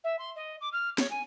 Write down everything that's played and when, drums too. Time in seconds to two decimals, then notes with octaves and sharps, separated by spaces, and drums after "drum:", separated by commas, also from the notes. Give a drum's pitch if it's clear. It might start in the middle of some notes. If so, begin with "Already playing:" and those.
0.04 E5
0.19 C6
0.36 D#5
0.61 D6
0.72 F6
0.98 C#5, drum: snare
1.10 G#5